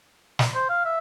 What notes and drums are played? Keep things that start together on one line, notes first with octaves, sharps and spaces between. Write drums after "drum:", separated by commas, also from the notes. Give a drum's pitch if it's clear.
drum: snare
C5
F5
E5